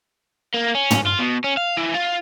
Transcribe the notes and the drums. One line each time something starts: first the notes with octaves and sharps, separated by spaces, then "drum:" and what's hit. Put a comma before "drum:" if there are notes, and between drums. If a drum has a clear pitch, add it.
A#3
C#4
drum: tom
F4
B2
C#4
F5
E3
F4